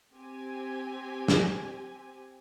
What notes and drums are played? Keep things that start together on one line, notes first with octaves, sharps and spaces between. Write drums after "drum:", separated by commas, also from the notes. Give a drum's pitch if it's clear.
C4 G4 G#5
drum: snare